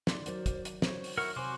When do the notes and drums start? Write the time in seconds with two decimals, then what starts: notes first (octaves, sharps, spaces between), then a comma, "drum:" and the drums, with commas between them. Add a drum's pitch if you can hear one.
0.07 D#3 D5 C6, drum: snare
0.26 F#3 A#4 C5 D5, drum: hi-hat
0.46 drum: kick, hi-hat
0.65 drum: hi-hat
0.82 C5 C#5, drum: snare
1.04 drum: open hi-hat
1.17 E4 A#4 F#5 C#6
1.36 C3 F#4 C5 G#5 C6 D6